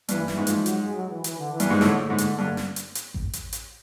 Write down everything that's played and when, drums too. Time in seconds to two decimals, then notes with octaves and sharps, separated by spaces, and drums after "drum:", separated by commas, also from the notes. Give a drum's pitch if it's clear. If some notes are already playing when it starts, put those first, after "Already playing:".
0.09 G2 E3, drum: hi-hat
0.28 E3, drum: snare
0.37 G#2
0.47 F3, drum: hi-hat
0.66 F#3, drum: hi-hat
0.81 G#3
0.95 F#3
1.09 E3
1.24 E3, drum: hi-hat
1.38 D3
1.53 E3
1.60 G2, drum: hi-hat
1.70 G#2
1.81 A2 D3, drum: snare
2.01 D3
2.10 G#2
2.18 D3, drum: hi-hat
2.38 G2 D3
2.57 drum: snare
2.76 drum: hi-hat
2.95 drum: hi-hat
3.14 drum: kick A1
3.33 drum: hi-hat
3.53 drum: hi-hat